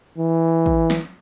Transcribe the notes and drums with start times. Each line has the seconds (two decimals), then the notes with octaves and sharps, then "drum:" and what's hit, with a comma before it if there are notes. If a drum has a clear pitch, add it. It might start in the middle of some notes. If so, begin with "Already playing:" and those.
0.18 E3
0.66 drum: kick
0.90 drum: snare